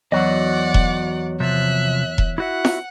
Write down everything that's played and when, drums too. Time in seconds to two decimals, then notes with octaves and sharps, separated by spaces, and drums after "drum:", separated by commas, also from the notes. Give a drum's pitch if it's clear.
0.12 E2 F#3 F#4 D5 D#5 F#5
0.74 drum: kick E1
1.40 C3 F3 E5 F#6
2.18 drum: kick E1
2.38 E4 F#4 E5 F#5
2.65 drum: snare F4